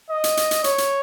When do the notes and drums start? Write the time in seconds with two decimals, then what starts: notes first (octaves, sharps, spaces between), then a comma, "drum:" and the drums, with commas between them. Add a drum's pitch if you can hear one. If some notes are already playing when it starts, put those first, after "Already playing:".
0.10 D#5
0.24 drum: hi-hat
0.37 drum: hi-hat
0.51 drum: hi-hat
0.64 C#5, drum: hi-hat
0.78 drum: hi-hat